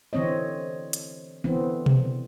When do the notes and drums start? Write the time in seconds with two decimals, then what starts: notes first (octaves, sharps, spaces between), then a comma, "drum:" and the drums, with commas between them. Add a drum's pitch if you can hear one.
0.13 D3 E3 C4 C#5 D#5
0.93 drum: hi-hat
1.44 D3 E3 B3 C4
1.86 drum: tom B2